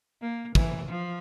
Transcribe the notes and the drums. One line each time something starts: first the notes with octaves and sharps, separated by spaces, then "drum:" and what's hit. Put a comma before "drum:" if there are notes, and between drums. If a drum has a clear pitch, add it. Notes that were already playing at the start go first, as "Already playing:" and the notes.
A#3
E3, drum: kick
F3